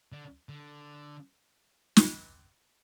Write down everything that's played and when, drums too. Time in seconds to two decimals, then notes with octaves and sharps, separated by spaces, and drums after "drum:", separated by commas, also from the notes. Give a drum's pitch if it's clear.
0.12 D3
0.49 D3
1.97 drum: snare